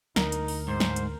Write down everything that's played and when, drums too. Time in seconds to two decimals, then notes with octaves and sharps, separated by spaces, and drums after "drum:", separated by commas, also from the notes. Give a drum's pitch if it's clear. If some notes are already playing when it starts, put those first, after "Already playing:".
0.16 D2 D#4 A#4, drum: snare
0.32 drum: hi-hat
0.48 drum: open hi-hat
0.68 G#2 C5
0.80 drum: snare
0.96 drum: hi-hat